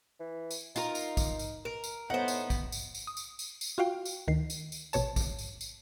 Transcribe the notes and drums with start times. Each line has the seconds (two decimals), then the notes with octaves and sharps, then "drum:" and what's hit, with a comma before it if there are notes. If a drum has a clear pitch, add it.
0.20 E3
0.51 drum: tambourine
0.76 D#4 F4 A#4, drum: tambourine
0.95 drum: tambourine
1.17 drum: kick, tambourine
1.39 drum: tambourine
1.65 A#4
1.84 drum: tambourine
2.10 A2 B3 D#4 C5 F#5
2.28 drum: tambourine
2.50 drum: kick, tambourine
2.72 drum: tambourine
2.95 drum: tambourine
3.07 D#6
3.17 drum: tambourine
3.39 drum: tambourine
3.61 drum: tambourine
3.78 F4 F#4 F5 G5
4.05 drum: tambourine
4.28 D2 D#3 C7
4.50 drum: tambourine
4.72 drum: tambourine
4.93 A1 B2 C#5 A5, drum: tambourine
5.16 drum: kick, tambourine
5.39 drum: tambourine
5.61 drum: tambourine